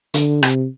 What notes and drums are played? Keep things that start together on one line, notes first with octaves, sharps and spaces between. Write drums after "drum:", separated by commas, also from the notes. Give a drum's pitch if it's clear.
D3, drum: hi-hat
C3, drum: rim click